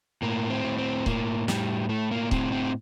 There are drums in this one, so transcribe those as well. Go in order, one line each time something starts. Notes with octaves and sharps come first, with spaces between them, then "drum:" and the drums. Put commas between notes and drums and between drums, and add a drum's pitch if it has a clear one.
A2 A#3
C4
A2
C4
A2 A#3, drum: kick
A2 G3, drum: snare
A2 A3
A#3
A2 C4, drum: kick
C4